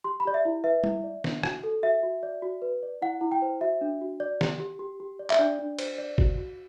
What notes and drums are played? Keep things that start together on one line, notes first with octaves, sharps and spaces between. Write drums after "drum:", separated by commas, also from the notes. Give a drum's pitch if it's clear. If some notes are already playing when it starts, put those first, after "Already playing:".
G4 C6
B5
G4 D5
E5
E4
B4 E5
E4, drum: tom G3
D5
D4, drum: snare
F#4, drum: rim click
A4
F#4 E5
F#4
D5
F#4
B4
D5
E4 F#5
E4
G5
C5
F#4 E5
D4
F#4
D5
G4, drum: snare
G4
G4
G4
D5
E5, drum: clap
D4 D5
D4
C5, drum: cymbal
D5
F#4, drum: kick
F#4